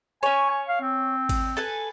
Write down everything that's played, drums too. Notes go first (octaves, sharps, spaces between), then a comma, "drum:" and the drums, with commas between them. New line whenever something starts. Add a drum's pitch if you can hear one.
C#4 C#5 G#5
G#5
F5
C4
drum: kick G#1, cymbal
A4 B4 G#5